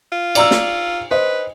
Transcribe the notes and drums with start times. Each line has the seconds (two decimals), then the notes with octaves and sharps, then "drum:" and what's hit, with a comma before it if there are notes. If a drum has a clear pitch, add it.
0.12 F4
0.35 D5 A#5 E6, drum: cymbal
0.51 drum: snare
1.11 B4 C5 D#5